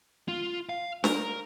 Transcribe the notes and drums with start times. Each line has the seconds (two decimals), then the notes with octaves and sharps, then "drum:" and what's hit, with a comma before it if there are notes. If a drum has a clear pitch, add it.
0.28 F4
0.69 F5
1.04 A#4, drum: snare D4